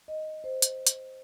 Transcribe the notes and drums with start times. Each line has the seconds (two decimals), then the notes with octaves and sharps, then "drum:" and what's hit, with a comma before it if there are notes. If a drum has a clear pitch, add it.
0.08 D#5
0.44 C5
0.62 drum: hi-hat
0.87 drum: hi-hat